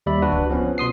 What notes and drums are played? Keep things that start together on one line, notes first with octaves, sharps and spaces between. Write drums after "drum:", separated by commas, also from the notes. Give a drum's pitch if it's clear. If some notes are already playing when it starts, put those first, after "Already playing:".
D#2 G3 D5 E5 B5
D4 F#4 B4
drum: kick C#2
F3 B3 C#4
B2 C6 D#6 C7